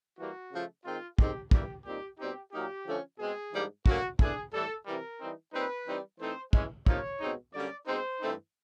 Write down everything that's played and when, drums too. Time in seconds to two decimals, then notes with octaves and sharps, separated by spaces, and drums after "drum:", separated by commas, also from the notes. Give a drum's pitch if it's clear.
0.18 E3 G3 A#3 F#4
0.51 C#3 F3 A3
0.85 D#3 G#3 C4 D#4 F4
1.18 D#3 G#3 C4 D#4 G4, drum: kick
1.51 G2 E3 G3 A#3 G4, drum: kick
1.85 A#2 G3 C4 D#4 G4
2.19 B2 G3 C4 D#4 G4
2.52 A#2 F#3 A#3 D#4 G4
2.85 D3 F3 A3 C#4
3.19 B2 G#3 C4 G#4
3.53 G#2 E3 G3 A#3 D4
3.86 D3 F#3 A#3 C#4 F#4, drum: kick
4.19 E3 A3 D4 G#4, drum: kick
4.53 A2 E3 G3 A4
4.86 C3 E3 G3 A#4
5.20 E3 G3 C4 D#4
5.53 A#2 G3 C4 D#4 B4
5.86 E3 G3 C4 D#4
6.20 E3 A3 C4 D#4 C5
6.53 E3 G#3 C#4, drum: kick
6.86 C3 F3 A#3 D#4 C#5, drum: kick
7.20 B2 G#3 C4 D#4
7.53 F#2 D3 G3 A#3 C#4 D5
7.87 B2 G#3 C4 D#4 C5
8.20 G2 E3 A3 C4 D#4